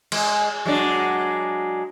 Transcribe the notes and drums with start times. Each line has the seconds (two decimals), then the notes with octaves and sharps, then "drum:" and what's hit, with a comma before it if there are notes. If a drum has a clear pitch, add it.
0.12 G#3, drum: cymbal
0.65 F#3 G#3 D4